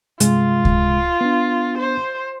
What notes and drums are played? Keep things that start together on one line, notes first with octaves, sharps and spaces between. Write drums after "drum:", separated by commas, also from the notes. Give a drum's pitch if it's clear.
G2 C3 G#3 F4, drum: hi-hat
drum: kick C#2
B3 D4
C5